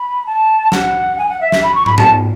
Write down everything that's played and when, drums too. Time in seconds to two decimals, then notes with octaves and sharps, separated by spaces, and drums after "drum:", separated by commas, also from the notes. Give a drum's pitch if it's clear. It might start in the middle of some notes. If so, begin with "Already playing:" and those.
Already playing: B5
0.26 A5
0.72 F#5, drum: snare
1.18 G#5
1.29 F#5
1.41 E5
1.52 E5, drum: snare
1.63 B5
1.75 C#6
1.86 B5, drum: tom
1.98 A5, drum: tom